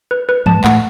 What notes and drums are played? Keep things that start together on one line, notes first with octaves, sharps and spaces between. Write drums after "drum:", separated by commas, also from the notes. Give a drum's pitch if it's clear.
B4
B4
G#2 G#3 A5, drum: tom E3
A2 A3 F#5, drum: clap